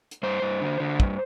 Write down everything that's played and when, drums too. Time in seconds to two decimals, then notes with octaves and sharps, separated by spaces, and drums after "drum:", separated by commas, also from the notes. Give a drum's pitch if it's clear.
0.11 drum: hi-hat
0.23 G2 C5
0.42 G2
0.61 D3
0.80 D3
1.00 G2, drum: kick